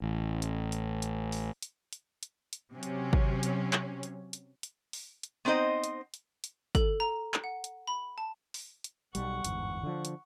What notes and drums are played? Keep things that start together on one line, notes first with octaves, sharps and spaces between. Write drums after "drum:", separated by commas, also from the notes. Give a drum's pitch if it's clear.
A1
drum: hi-hat
drum: hi-hat
drum: hi-hat
drum: open hi-hat
drum: hi-hat
drum: hi-hat
drum: hi-hat
drum: hi-hat
C3 F#3 C#4
drum: hi-hat
drum: kick
drum: hi-hat
drum: clap
drum: hi-hat
drum: hi-hat
drum: hi-hat
drum: open hi-hat
drum: hi-hat
B3 C4 D#4 C5 D#5
drum: hi-hat
drum: hi-hat
drum: hi-hat
A4, drum: kick, hi-hat
A#5
drum: clap
F#5
drum: hi-hat
B5
A5
drum: open hi-hat
drum: hi-hat
B1 G3 F#5 C#6, drum: hi-hat
G1 E2 G#2, drum: hi-hat
D3 F3
drum: hi-hat